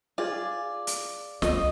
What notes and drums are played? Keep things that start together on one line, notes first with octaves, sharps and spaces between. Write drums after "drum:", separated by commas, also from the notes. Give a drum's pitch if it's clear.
F4 G#4 D5
drum: hi-hat
C#2 D#5, drum: snare